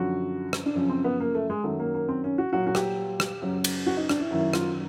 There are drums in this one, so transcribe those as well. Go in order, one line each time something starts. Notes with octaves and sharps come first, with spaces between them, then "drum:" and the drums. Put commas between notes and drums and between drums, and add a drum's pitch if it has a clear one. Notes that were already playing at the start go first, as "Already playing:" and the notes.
Already playing: F#2 D3 F3 F#4
drum: rim click
D4
F#2 C#3 F3 C#4
C4
B3
A#3
A3
G#3
F#2 D#3 F#3 A3
A#3
A#3
C4
C#4
F#4
A#2 F#3 F#4
F#4
G4, drum: rim click
drum: rim click
F#2 C#3 F#3
drum: cymbal
F#4
D#4
D4, drum: rim click
E4
F#2 D#3 F#3 E4
F4, drum: rim click